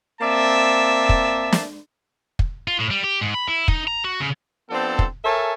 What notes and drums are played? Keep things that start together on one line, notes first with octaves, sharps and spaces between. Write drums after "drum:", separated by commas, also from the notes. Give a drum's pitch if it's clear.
A#3 C4 D5 E5 A5
drum: kick
drum: snare
drum: kick
F4
A2
G3
G4
G#2
B5
E4
D#4, drum: kick
A#5
F#4
C#3
F3 B3 C4 D4 A4 C5
drum: kick
A4 A#4 C#5 E5 G#5 A5